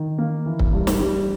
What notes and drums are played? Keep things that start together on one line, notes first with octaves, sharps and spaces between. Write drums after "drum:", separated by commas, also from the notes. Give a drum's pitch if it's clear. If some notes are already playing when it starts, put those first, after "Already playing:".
Already playing: D#3
A#3
E3
drum: kick C#1
G2
drum: snare
G3